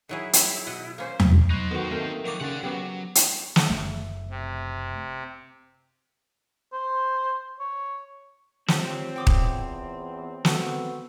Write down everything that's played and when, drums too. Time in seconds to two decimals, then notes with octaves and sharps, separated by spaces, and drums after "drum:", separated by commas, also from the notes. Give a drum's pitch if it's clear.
0.09 D#3 F#3 E4 G#4
0.33 drum: hi-hat
0.67 B2 D#5 F#5
0.98 A#3 C#4 C5
1.20 drum: tom E2
1.50 F#3 D#4 C5
1.71 D#3 B3 F#4 A4
1.91 D#3 A3 A#3 C4
2.25 F3 F#3 A#4 C#6 D6
2.41 C#3 D5 F#5
2.63 F#3 B3 G4
3.15 drum: hi-hat
3.56 drum: snare
3.70 F#1 F2 A3
4.30 C3
6.73 C5
7.60 C#5
8.68 C4 F4 G4 C#5, drum: snare
9.16 E2 G5 D6 D#6
9.27 drum: kick D#1
10.45 B3 F#4 A4, drum: snare